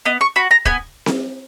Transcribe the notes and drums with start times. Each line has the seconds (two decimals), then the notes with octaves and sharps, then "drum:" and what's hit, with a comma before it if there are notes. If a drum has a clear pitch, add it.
0.05 B3 D#5
0.21 C#6
0.36 F#4 B5
0.51 A#5
0.65 B3 G#5, drum: kick
1.06 drum: snare C4